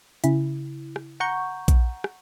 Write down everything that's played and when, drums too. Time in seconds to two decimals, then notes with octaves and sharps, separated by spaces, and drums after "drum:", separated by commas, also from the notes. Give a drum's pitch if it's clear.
0.24 C#3 E4, drum: hi-hat
0.96 drum: rim click
1.20 F#5 A#5 C#6 G6
1.68 drum: kick A#1, hi-hat
2.04 drum: rim click